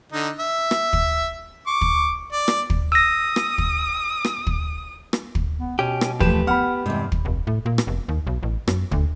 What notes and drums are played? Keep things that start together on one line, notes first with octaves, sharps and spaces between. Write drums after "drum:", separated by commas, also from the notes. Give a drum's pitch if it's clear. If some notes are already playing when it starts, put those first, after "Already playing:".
D3 D#4
E5
drum: rim click
drum: kick
C#6 D6
drum: kick
D5
drum: rim click
drum: kick
D#6 E6 A#6
drum: rim click
drum: kick
drum: rim click
drum: kick
drum: rim click
drum: kick
B3
B2 C#4 G4
drum: rim click
E3 F3 A3 G4 B4 E7, drum: kick
B3 F#5 B5 F6
E2 G2 C3 G#3
drum: kick
F1
A2
A#2
drum: rim click
F1
D#2
B1
A1
F#2, drum: rim click
D2, drum: kick